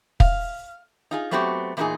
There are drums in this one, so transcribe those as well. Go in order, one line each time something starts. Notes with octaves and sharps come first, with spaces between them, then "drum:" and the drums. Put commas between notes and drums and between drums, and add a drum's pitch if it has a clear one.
F5, drum: kick
D#4 F4 G#4
F#3 A3 B3 C4 F#4 G4
E2 A#2 A#3 D4 D#4 G#4